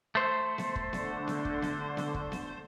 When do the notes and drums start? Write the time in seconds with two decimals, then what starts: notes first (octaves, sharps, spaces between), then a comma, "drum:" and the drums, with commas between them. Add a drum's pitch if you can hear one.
0.15 A3 C5
0.58 drum: snare B3
0.75 drum: kick
0.93 D3, drum: snare B3
1.28 drum: snare B3
1.45 drum: kick
1.62 drum: snare B3
1.97 drum: snare B3
2.14 drum: kick
2.32 drum: snare B3